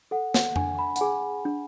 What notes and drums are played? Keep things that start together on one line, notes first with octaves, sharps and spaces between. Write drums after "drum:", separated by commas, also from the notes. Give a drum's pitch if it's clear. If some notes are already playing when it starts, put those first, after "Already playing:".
A4 F#5
F#5, drum: snare
D4 G#5, drum: tom F2
B5
F#5, drum: hi-hat
G#4 G#5
D4